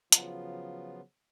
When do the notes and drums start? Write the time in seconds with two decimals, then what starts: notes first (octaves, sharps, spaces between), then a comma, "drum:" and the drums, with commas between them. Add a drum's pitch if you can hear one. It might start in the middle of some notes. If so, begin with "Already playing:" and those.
0.12 C#3 F3 F#3 B3 F4, drum: hi-hat